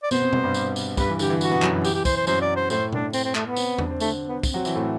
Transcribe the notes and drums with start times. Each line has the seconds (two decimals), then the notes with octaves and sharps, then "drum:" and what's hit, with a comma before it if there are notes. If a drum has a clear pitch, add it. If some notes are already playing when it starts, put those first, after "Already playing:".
0.03 D5
0.11 B2 B3 C5, drum: tambourine
0.22 C3 C4
0.33 B2 B3, drum: tom B2
0.43 G2 G3
0.54 drum: tambourine
0.76 drum: tambourine
0.97 G2 G3 B4, drum: kick, tambourine
1.08 E3
1.19 D3 G4, drum: tambourine
1.30 E3
1.41 F#4, drum: tambourine
1.51 B2 B3
1.62 F#2 F#3, drum: clap
1.73 E3
1.85 G4, drum: tambourine
1.95 G4
2.05 C5, drum: kick, tambourine
2.17 C5
2.27 F#2 F#3 C5, drum: tambourine
2.42 D5
2.56 C5
2.70 A2 A3 C5, drum: tambourine
2.93 D4, drum: tom B2
3.13 C4, drum: tambourine
3.25 C4
3.35 A3, drum: clap
3.46 B3
3.56 C3 C4, drum: tambourine
3.78 D4, drum: tom E2
3.90 C4
4.00 D3 A3 D4, drum: tambourine
4.28 B3
4.43 C4, drum: kick, tambourine
4.54 F#3 F#4
4.65 E3 E4, drum: tambourine
4.76 A2 A3